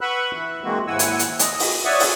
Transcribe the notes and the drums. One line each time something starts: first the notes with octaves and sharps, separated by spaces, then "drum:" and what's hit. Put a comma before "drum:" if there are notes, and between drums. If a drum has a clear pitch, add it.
B4 F#5 B5 C#6 E6 F#6
E3 E5
E3 G#3 A#3 C4 F#4
D#2 G#2 E4 F#5 G#5 E6
drum: hi-hat
drum: hi-hat
D#5, drum: hi-hat
drum: open hi-hat
C#5 D5 E5 F#5 C#6 D#6
drum: open hi-hat